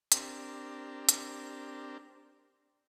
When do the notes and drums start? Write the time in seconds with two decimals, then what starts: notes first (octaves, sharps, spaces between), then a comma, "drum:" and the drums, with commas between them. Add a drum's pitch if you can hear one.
0.12 C4 D4 G4 A#4, drum: hi-hat
1.09 drum: hi-hat